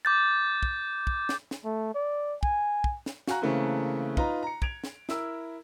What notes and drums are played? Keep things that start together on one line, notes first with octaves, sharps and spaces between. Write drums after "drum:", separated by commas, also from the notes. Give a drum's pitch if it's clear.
D6 G6 A6
drum: kick
drum: kick
drum: snare
drum: snare
A3
D5
G#5, drum: kick
drum: kick
drum: snare
F#4 F5 G#5 A#5 F#6, drum: snare
C#3 E3 A3 A#3 C4 C#4
D#4 F4 B4 A#5, drum: kick
A#5 C#7
G#6 D7 F7, drum: kick
drum: snare
E4 A#4 E6, drum: snare